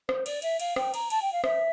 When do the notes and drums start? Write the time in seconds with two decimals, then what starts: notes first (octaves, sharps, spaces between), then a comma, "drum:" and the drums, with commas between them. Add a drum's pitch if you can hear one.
0.09 C5, drum: rim click
0.26 D5, drum: cymbal
0.42 E5, drum: cymbal
0.60 F5, drum: cymbal
0.76 G5, drum: rim click
0.94 A#5, drum: cymbal
1.10 A5, drum: cymbal
1.21 G5
1.32 F5
1.44 E5, drum: rim click